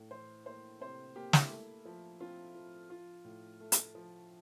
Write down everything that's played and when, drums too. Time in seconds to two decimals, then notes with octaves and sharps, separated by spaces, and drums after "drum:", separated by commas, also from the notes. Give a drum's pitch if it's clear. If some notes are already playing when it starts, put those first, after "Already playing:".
Already playing: A2
0.11 E3 C5
0.46 A#3 C5
0.81 C3 C5
1.16 A#3 G4
1.33 E4, drum: snare
1.50 A3
1.85 F3
2.20 C4 F4
2.55 F3
2.90 F3 F4
3.25 A2
3.60 A3
3.72 drum: hi-hat
3.95 F3